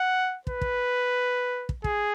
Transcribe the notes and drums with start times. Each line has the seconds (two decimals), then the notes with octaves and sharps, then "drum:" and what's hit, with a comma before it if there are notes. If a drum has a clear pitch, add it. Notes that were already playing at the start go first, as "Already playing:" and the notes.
Already playing: F#5
0.47 B4, drum: kick
0.62 drum: kick
1.69 drum: kick
1.84 G#4, drum: kick